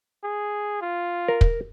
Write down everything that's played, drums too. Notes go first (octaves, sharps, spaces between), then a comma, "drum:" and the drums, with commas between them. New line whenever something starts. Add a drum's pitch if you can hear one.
G#4
F4
A#4
drum: kick